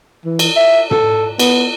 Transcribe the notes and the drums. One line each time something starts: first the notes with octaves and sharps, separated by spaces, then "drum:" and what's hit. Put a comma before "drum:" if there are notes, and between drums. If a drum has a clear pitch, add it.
E3
drum: cymbal
E5
A4, drum: tom
B3, drum: cymbal